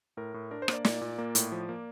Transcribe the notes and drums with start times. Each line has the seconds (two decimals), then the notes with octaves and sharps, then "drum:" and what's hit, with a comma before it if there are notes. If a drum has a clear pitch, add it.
0.17 A2 A#4
0.34 A2
0.51 D4 A#4
0.62 C5
0.68 A#3, drum: rim click
0.73 D5
0.85 A#2 D5, drum: snare
1.01 A#2
1.18 A#3
1.35 A2, drum: hi-hat
1.52 F3
1.69 A#3